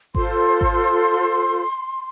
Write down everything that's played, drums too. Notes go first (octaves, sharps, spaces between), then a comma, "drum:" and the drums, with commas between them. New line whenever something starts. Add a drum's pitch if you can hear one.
F4 A4 C5 C6, drum: kick G#1
drum: kick G#1